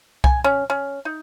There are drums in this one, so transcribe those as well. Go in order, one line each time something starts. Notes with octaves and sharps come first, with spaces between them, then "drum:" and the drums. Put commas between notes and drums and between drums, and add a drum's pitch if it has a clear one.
G#5, drum: kick C2
C#4
C#4
D#4